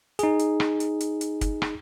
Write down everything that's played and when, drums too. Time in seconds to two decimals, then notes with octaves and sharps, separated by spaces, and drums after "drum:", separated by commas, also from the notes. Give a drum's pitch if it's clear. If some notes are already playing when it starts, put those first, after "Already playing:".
0.19 D#4 G#4, drum: hi-hat
0.39 drum: hi-hat
0.60 drum: rim click
0.80 drum: hi-hat
1.01 drum: hi-hat
1.21 drum: hi-hat
1.41 drum: kick, hi-hat
1.62 drum: rim click